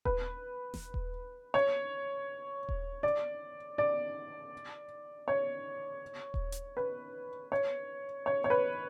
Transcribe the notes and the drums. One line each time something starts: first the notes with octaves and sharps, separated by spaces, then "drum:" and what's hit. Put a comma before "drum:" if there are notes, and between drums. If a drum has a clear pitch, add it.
B4, drum: kick D#1
drum: snare E1
drum: kick D#1
C#5
drum: kick D#1
D5
D5
C#5
drum: kick D#1
drum: hi-hat
B4
C#5
C#5
C#5
B4